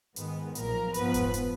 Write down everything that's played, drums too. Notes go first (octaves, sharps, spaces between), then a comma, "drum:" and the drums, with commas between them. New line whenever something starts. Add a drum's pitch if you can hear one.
G#2 D#3 G#3 B3, drum: hi-hat
B1 A#2 F3 A#4, drum: hi-hat
G#2 F3 B3 B4, drum: hi-hat
drum: kick F1, hi-hat
drum: hi-hat